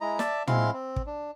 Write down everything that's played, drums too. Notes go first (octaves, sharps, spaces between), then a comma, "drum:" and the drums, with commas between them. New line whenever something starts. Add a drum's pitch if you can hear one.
G#3 E4 D#5 A#5
D5 E5 A5, drum: snare
G#3 C4 E4 F5 C6, drum: tom
C4
drum: kick
D4